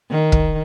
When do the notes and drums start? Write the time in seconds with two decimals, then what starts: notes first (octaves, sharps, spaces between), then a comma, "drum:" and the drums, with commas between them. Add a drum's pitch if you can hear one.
0.10 D#3
0.32 drum: kick